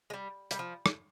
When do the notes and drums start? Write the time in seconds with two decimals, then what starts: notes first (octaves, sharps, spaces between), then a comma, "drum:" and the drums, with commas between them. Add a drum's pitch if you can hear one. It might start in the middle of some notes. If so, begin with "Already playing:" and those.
0.10 G#3
0.14 G3
0.51 G3, drum: hi-hat
0.59 F3
0.86 drum: rim click